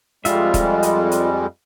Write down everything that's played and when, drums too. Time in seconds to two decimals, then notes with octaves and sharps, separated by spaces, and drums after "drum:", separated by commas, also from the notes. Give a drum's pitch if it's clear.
0.25 F2 G3 G#3 F4 E5, drum: hi-hat
0.54 drum: kick D#1, hi-hat
0.83 drum: hi-hat
1.11 drum: hi-hat